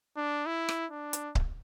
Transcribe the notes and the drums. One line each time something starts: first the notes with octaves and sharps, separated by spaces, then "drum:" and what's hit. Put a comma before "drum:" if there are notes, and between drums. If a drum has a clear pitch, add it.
D4
E4
drum: rim click
D4
drum: hi-hat
drum: kick C#1